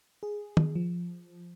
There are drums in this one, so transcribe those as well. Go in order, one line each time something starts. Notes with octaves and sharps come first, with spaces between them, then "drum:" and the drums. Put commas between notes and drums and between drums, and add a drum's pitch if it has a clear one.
G#4
drum: tom
F3